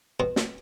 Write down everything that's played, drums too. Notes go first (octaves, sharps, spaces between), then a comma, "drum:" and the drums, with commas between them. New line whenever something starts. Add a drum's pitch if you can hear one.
B2
drum: snare